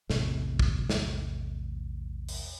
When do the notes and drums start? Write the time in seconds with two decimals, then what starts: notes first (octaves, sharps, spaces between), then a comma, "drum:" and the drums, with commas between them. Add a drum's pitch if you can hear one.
0.10 A#1 E2 A2 C3, drum: snare
0.59 drum: kick
0.90 drum: snare
2.29 drum: open hi-hat